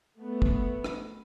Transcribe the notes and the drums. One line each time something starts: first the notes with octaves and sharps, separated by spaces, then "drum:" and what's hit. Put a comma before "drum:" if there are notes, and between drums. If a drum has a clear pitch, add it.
A3 B3
drum: kick
drum: rim click